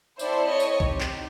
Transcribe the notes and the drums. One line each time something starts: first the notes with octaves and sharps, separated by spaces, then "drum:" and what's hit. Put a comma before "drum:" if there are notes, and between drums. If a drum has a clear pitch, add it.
C4 E4 A4 C5 D5, drum: tambourine
C#5 D#5
drum: tambourine
C4 D#4 G4, drum: kick
drum: clap